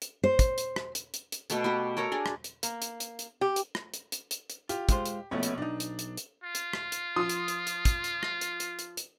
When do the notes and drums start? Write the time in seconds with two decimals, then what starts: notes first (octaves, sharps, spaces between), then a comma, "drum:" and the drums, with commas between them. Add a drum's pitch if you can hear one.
0.02 drum: hi-hat
0.24 C5
0.39 drum: kick, hi-hat
0.58 drum: hi-hat
0.76 drum: rim click
0.95 drum: hi-hat
1.14 drum: hi-hat
1.32 drum: hi-hat
1.50 B2 A3 B3, drum: hi-hat
1.64 B3 F#4 G4
1.97 A4 A#4 C#5 A#5
2.12 D4 G#4
2.26 drum: rim click
2.44 drum: hi-hat
2.63 A#3, drum: hi-hat
2.82 drum: hi-hat
3.00 drum: hi-hat
3.19 drum: hi-hat
3.41 G4
3.56 drum: hi-hat
3.75 drum: rim click
3.94 drum: hi-hat
4.12 drum: hi-hat
4.31 drum: hi-hat
4.50 drum: hi-hat
4.69 F4 G4, drum: hi-hat
4.89 G#3 F4 C5, drum: kick, hi-hat
5.06 drum: hi-hat
5.31 A#1 B2 A3 B3 C#4 C#5
5.43 drum: hi-hat
5.58 B1 D4 D#4
5.80 drum: hi-hat
5.99 drum: hi-hat
6.17 drum: hi-hat
6.44 F4
6.55 drum: hi-hat
6.73 drum: rim click
6.92 drum: hi-hat
7.16 F3 C6 D#6
7.29 drum: hi-hat
7.48 drum: hi-hat
7.67 drum: hi-hat
7.85 drum: kick, hi-hat
8.04 drum: hi-hat
8.23 drum: rim click
8.41 drum: hi-hat
8.60 drum: hi-hat
8.79 drum: hi-hat
8.97 drum: hi-hat